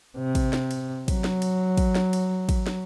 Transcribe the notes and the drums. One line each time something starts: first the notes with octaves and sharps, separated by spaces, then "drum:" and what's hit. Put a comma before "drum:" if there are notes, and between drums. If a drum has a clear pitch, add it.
C3
drum: kick, cymbal
drum: snare
drum: cymbal
F#3, drum: kick, cymbal
drum: snare
drum: cymbal
drum: kick, cymbal
drum: snare
drum: cymbal
drum: kick, cymbal
drum: snare